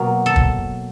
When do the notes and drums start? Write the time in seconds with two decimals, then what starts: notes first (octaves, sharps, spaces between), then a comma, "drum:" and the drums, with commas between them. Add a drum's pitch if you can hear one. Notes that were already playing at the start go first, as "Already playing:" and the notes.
Already playing: B2 F#3 A#3 A#4
0.26 A4
0.36 drum: kick